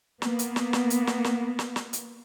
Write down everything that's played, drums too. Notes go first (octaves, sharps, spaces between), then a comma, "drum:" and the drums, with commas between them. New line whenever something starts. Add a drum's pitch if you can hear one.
A#3 B3, drum: snare
drum: hi-hat
drum: snare
drum: snare
drum: hi-hat
drum: snare
drum: snare
drum: snare
drum: snare
drum: hi-hat